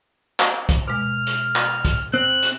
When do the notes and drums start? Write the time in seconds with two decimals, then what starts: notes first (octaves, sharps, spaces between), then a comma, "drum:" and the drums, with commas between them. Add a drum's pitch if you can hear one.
0.40 drum: clap
0.69 drum: kick, hi-hat
0.88 B2 G#3 F6
1.27 drum: hi-hat
1.56 drum: clap
1.85 drum: kick, hi-hat
2.14 C4 F#6
2.43 drum: hi-hat